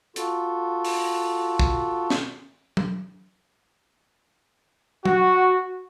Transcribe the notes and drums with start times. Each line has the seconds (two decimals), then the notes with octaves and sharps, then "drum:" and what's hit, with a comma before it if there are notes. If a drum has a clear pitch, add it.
0.16 F4 F#4 A4, drum: hi-hat
0.85 drum: open hi-hat
1.59 drum: kick
2.10 drum: snare
2.77 drum: tom F#3
5.05 F#4, drum: tom F#3